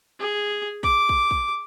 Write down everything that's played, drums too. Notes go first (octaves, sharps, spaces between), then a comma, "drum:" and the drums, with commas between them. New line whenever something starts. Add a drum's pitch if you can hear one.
G#4
D6, drum: kick
drum: kick
drum: kick